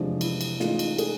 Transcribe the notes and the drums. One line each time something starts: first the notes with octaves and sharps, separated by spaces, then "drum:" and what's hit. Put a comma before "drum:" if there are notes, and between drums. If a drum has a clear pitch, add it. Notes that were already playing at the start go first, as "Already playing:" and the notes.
Already playing: F1 E2 C3 F3 G#3 D4
E4, drum: cymbal
drum: cymbal
A1 G#2 G#3 F4, drum: snare
drum: cymbal
G#4, drum: cymbal